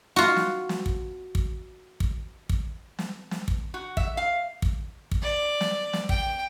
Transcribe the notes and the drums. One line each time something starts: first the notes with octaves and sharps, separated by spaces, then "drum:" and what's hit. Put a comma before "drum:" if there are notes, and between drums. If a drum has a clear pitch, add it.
F4 F#4
drum: snare
drum: snare
drum: kick
drum: kick
drum: kick
drum: kick
drum: snare
drum: snare
drum: kick
F#4
E5, drum: kick
F5
drum: kick
drum: kick
D5
drum: snare
drum: snare
G5, drum: kick